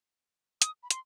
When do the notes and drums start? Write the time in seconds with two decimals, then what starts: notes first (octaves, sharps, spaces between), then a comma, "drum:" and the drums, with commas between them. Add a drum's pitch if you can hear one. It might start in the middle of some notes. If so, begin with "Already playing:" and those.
0.62 D#6, drum: hi-hat
0.83 B5
0.91 C6, drum: hi-hat